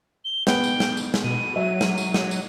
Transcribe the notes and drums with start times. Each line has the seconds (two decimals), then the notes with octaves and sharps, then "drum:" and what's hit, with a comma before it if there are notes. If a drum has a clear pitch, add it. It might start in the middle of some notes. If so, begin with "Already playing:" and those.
0.25 G7
0.47 B3 G5, drum: snare
0.63 drum: tambourine
0.80 drum: snare
0.97 drum: tambourine
1.14 drum: snare
1.24 B2 D#7
1.56 F#3 E5
1.81 drum: snare
1.98 drum: tambourine
2.14 drum: snare
2.31 drum: tambourine